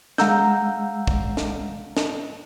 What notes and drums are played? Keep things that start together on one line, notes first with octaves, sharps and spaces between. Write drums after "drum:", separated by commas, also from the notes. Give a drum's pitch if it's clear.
G#3 F5 F#5 A#5 E6 G6, drum: snare
drum: kick
drum: snare
drum: snare